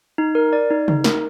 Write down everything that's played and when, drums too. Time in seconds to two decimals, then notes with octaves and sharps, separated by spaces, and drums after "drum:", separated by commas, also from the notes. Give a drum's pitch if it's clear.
0.18 D#4
0.35 A#4
0.53 D5
0.70 D#4
0.88 D#4, drum: tom C#3
1.04 A#4, drum: snare